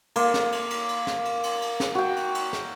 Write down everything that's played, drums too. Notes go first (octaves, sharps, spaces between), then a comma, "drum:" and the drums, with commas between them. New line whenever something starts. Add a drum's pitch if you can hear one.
A#3, drum: cymbal
drum: snare
drum: cymbal
drum: cymbal
drum: cymbal
drum: snare
drum: cymbal
drum: cymbal
drum: cymbal
drum: snare
F#4 G5
drum: cymbal
drum: cymbal
drum: snare